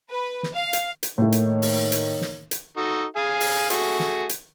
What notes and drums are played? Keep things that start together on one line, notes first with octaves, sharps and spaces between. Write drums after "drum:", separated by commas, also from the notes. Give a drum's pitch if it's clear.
B4
drum: snare
F5
drum: hi-hat
drum: hi-hat
A2 D#3 A3 A#3 C#5
drum: hi-hat
drum: open hi-hat
drum: hi-hat
drum: snare
drum: hi-hat
D#4 F#4 A4
G#4 F5 G#5
drum: open hi-hat
A3 F#4 G#4, drum: hi-hat
drum: snare
drum: hi-hat